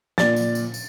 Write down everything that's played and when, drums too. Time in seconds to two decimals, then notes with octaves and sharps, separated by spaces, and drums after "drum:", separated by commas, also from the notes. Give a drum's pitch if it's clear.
0.18 A#2 D5 A6, drum: snare
0.36 drum: tambourine
0.55 drum: tambourine
0.74 drum: tambourine